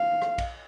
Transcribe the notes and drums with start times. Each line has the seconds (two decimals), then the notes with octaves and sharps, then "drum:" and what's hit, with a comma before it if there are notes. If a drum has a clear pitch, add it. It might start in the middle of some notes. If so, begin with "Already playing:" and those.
Already playing: F5
0.22 drum: rim click
0.38 drum: kick A#1, cymbal